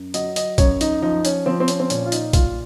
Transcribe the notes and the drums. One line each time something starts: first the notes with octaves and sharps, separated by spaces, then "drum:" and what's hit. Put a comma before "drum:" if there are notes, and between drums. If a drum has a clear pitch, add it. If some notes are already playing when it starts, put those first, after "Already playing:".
Already playing: F#2
F#3 D#5, drum: hi-hat
D#5, drum: hi-hat
F#2 C#5, drum: kick A#1, hi-hat
D#4, drum: hi-hat
F3 D#4
C#4, drum: hi-hat
F3 C4
C4
C#4, drum: hi-hat
C4
A#2 C#4, drum: hi-hat
F4
D#4, drum: hi-hat
A#2 F4, drum: kick A#1, hi-hat